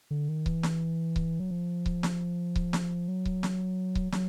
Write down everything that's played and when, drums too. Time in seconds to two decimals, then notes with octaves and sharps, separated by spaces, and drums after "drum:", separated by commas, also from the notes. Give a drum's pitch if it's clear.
0.11 D3
0.29 D#3
0.46 E3, drum: kick C#1
0.63 drum: snare
1.16 drum: kick C#1
1.40 F#3
1.51 F3
1.86 drum: kick C#1
2.03 drum: snare
2.56 drum: kick C#1
2.73 drum: snare
3.08 F#3
3.25 drum: kick C#1
3.43 drum: snare
3.95 drum: kick C#1
4.12 F#3, drum: snare